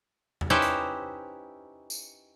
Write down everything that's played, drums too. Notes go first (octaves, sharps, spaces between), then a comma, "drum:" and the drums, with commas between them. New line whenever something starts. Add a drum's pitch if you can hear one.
drum: tom E2
C#4 D#4 E4 G4 B4 C5
drum: hi-hat
drum: tambourine